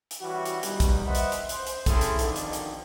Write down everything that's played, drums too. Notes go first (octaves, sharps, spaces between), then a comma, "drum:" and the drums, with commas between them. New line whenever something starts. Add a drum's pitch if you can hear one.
drum: hi-hat
E3 G3 C#4 F#4
drum: hi-hat
B1 E2 D#3 G3, drum: hi-hat
drum: kick, hi-hat
B4 C5 D#5 E5 F#5
drum: hi-hat
drum: hi-hat
C5, drum: hi-hat
drum: hi-hat
C4 C#4 E4 G#4 A4, drum: kick, hi-hat
drum: hi-hat
F2 B2 D3 D#3, drum: hi-hat
drum: hi-hat
drum: hi-hat